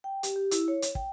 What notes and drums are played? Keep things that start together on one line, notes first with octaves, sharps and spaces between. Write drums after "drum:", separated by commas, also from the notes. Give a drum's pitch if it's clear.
G5
G4, drum: hi-hat
G4
E4, drum: hi-hat
C#5
drum: hi-hat
G5, drum: kick